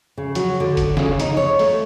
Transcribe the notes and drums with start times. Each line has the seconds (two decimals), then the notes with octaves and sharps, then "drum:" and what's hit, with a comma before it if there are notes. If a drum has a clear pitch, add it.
0.18 C#3
0.35 F#3, drum: hi-hat
0.60 D3
0.77 drum: kick F#1, hi-hat
0.97 C#3, drum: snare
1.20 D#4, drum: hi-hat
1.37 C#5
1.59 A3, drum: open hi-hat